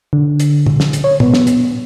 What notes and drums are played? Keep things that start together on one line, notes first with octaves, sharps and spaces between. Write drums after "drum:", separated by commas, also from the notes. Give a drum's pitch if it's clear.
D3
drum: hi-hat
drum: tom
drum: snare
drum: hi-hat
C#5
B3, drum: tom
drum: snare
drum: hi-hat